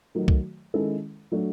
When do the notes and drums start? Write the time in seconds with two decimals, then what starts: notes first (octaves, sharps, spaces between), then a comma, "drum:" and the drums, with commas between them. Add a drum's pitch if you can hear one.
0.15 D#3 F#3 A3
0.28 drum: kick C2
0.74 D#3 G#3 C#4 E4 A4
1.32 F#3 A3 D4 F#4